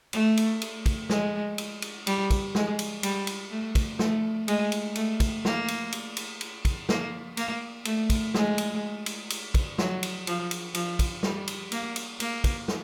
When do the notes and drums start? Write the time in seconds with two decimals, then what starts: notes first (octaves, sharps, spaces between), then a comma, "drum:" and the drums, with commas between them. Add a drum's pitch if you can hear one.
0.13 A3, drum: cymbal
0.37 drum: cymbal
0.62 drum: cymbal
0.86 drum: kick, cymbal
1.10 G#3, drum: snare
1.58 drum: cymbal
1.82 drum: cymbal
2.07 G3, drum: cymbal
2.30 drum: kick, cymbal
2.55 G#3, drum: snare
2.79 drum: cymbal
3.03 G3, drum: cymbal
3.27 drum: cymbal
3.51 A3
3.75 drum: kick, cymbal
3.99 A3, drum: snare
4.48 G#3, drum: cymbal
4.72 drum: cymbal
4.95 A3, drum: cymbal
5.20 drum: kick, cymbal
5.45 A#3, drum: snare
5.68 drum: cymbal
5.92 drum: cymbal
6.17 drum: cymbal
6.41 drum: cymbal
6.65 drum: kick, cymbal
6.89 A#3, drum: snare
7.37 A#3, drum: cymbal
7.85 A3, drum: cymbal
8.10 drum: kick, cymbal
8.34 G#3, drum: snare
8.58 drum: cymbal
9.06 drum: cymbal
9.30 drum: cymbal
9.54 drum: kick, cymbal
9.78 F#3, drum: snare
10.03 drum: cymbal
10.27 F3, drum: cymbal
10.51 drum: cymbal
10.75 F3, drum: cymbal
10.99 drum: kick, cymbal
11.23 G3, drum: snare
11.48 drum: cymbal
11.72 A#3, drum: cymbal
11.96 drum: cymbal
12.20 A#3, drum: cymbal
12.44 drum: kick, cymbal
12.68 drum: snare